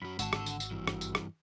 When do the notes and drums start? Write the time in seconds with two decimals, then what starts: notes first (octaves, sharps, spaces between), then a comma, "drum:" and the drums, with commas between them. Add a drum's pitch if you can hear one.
0.02 F#2 F#3 B5
0.19 G#1 D3 F#4 A5 E6, drum: tambourine
0.33 drum: rim click
0.46 drum: tambourine
0.60 drum: tambourine
0.71 G2 E3
0.87 drum: rim click
1.01 drum: tambourine
1.15 drum: rim click